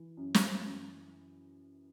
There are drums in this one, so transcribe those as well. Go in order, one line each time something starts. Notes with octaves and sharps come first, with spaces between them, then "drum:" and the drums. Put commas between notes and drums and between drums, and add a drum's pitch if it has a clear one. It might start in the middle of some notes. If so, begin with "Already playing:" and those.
Already playing: E3
F#2
drum: snare
F#2